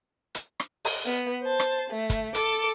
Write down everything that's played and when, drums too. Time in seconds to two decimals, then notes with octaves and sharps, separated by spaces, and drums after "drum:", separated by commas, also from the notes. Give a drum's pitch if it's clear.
0.35 drum: hi-hat
0.60 drum: rim click
0.85 drum: open hi-hat
1.06 B3
1.43 C5 A5
1.60 drum: rim click
1.90 A3
2.10 drum: kick, hi-hat
2.35 A4 D6, drum: hi-hat